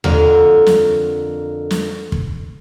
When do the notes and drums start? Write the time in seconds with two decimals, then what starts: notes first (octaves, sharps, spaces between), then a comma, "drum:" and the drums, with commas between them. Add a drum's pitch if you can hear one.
0.04 F2 D3 A#4, drum: tom D#2
0.66 drum: snare
1.71 drum: snare
2.12 drum: kick